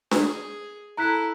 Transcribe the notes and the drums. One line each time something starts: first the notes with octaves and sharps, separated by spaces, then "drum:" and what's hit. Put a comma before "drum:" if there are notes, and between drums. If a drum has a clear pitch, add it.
G#4, drum: snare D4
E4 A4 A#5 F#6 B6